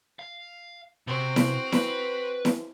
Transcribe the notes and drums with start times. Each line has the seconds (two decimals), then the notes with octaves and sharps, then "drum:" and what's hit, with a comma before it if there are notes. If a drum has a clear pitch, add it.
0.19 F5
1.07 C3 C4 F#4
1.36 drum: snare E4
1.72 B4, drum: snare E4
2.45 drum: snare E4